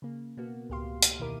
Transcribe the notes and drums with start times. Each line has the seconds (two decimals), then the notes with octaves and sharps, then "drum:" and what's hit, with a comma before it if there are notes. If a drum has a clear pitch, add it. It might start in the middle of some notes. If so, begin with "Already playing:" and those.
0.02 C#3 A#3
0.37 B2 A#3 B3 F#4
0.70 C#2 A2 G4 F5 C6
1.02 F6 D#7, drum: hi-hat
1.19 E2 B2 D#3 E4 A#4 D6